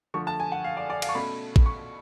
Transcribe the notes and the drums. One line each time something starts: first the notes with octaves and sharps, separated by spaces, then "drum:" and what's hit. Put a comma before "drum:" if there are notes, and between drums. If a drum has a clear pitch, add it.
D3 F3 A3 C#6
A5
G#5
F#5
F5
D5
D5
F5, drum: cymbal
C#6
B2 A3 C#4 B5
drum: kick
C#6